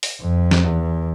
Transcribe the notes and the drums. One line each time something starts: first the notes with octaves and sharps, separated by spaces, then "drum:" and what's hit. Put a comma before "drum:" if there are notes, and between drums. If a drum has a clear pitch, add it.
drum: open hi-hat
F2
drum: snare
E2